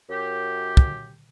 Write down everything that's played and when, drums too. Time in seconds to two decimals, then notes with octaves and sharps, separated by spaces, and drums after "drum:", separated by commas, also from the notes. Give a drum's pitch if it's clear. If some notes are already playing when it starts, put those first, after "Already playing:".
0.10 F#2 G4
0.77 drum: kick